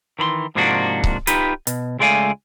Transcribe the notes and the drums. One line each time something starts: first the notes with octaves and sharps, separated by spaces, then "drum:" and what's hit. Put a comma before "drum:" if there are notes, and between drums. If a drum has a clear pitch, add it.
D#3 E3 B5 C6
G#2 C3 F3 A#3 D4 F#4
drum: kick C#1
D#4 F4 G4 B4, drum: hi-hat
B2, drum: hi-hat
C#2 G#3 A3 D5 F5 G#5